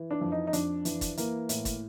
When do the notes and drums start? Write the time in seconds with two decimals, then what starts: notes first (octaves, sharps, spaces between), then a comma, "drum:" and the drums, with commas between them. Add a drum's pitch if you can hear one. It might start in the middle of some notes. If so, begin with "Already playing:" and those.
Already playing: E3
0.11 D4
0.21 F2
0.32 D#4
0.47 D#4
0.53 F2 D4, drum: hi-hat
0.85 E3, drum: hi-hat
1.01 drum: kick, hi-hat
1.17 E3 A#3, drum: hi-hat
1.49 A2, drum: hi-hat
1.65 drum: kick, hi-hat